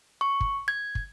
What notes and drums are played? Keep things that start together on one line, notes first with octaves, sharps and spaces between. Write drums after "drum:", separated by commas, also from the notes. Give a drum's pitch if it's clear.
C#6
drum: kick
G#6
drum: kick